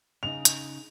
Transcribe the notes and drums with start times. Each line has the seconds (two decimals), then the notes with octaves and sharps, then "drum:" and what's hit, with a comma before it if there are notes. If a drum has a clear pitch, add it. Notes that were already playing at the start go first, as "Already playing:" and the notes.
0.23 C#3 D#4 F7
0.45 drum: hi-hat